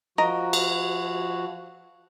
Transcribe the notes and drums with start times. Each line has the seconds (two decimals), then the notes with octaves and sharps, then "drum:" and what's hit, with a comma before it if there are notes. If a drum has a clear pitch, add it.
0.18 F3 F#4 A#4 D#5 A#5
0.53 drum: cymbal